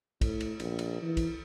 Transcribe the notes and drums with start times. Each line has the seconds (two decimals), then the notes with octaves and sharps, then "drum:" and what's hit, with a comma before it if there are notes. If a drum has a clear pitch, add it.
0.21 A2, drum: kick, cymbal
0.41 drum: cymbal
0.60 A#1, drum: cymbal
0.79 drum: cymbal
1.02 E3
1.17 drum: kick, cymbal